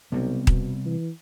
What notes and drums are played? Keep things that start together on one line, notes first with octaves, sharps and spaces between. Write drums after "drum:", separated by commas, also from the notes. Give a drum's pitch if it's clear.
B1 C3 G3 B3 C4
B2, drum: kick D#1
E3